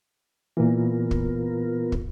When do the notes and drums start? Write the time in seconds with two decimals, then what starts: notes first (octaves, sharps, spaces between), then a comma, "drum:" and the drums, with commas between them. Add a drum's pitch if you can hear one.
0.57 A#2 E3 B3 F4 A#4
1.11 drum: kick
1.92 drum: kick